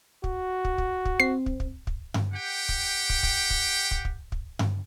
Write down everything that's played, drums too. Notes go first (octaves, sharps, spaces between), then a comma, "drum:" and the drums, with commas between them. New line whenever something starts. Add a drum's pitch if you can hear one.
F#4, drum: kick
drum: kick
drum: kick
drum: kick
C4 C7
drum: kick
drum: kick
drum: kick
drum: tom G2
G4 F#5 G5
drum: kick
drum: kick
drum: kick
drum: kick
drum: kick
drum: kick
drum: kick
drum: tom G2